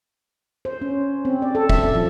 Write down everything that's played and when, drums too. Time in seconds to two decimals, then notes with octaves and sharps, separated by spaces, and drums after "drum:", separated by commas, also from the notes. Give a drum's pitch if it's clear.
0.65 C5
0.81 C#4
1.25 C4
1.42 D5
1.55 A4
1.70 E5, drum: kick
1.95 F3